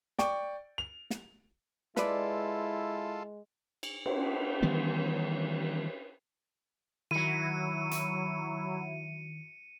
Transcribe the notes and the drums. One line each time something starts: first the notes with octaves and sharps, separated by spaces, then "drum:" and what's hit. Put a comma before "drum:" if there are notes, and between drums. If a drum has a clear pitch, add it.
D5 G5 C#6, drum: snare
F7
drum: snare
G#3 E4 F4 A4 B4 D5, drum: snare
drum: cymbal
drum: cymbal
D#3 E3 G3 B3
D#3 F#3 E4 C#7 D#7
drum: hi-hat